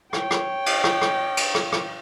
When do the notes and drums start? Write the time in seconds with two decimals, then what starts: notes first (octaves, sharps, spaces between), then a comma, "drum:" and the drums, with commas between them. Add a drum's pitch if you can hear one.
0.13 C#5 G5, drum: rim click
0.31 drum: rim click
0.66 drum: cymbal
0.84 drum: rim click
1.01 drum: rim click
1.37 drum: cymbal
1.55 drum: rim click
1.72 drum: rim click